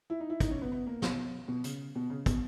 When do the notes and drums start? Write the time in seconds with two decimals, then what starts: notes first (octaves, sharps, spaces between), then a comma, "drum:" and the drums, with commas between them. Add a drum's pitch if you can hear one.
0.10 E4
0.20 D#4
0.30 E4
0.40 D#4, drum: kick, hi-hat
0.50 C#4
0.61 B3
0.72 B3
0.87 A#3
1.02 B2, drum: snare
1.48 B2
1.64 C#3, drum: hi-hat
1.95 B2
2.10 C#3
2.26 B2, drum: kick, hi-hat